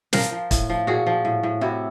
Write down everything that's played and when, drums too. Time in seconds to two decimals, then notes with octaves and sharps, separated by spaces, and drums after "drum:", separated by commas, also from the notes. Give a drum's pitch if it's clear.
0.13 F3 A#4 C5, drum: snare
0.32 F3
0.51 A2, drum: kick, hi-hat
0.70 F3
0.87 A#2 F#4 G#4
1.07 F3
1.25 A2
1.43 A2
1.61 C3 E4 F#4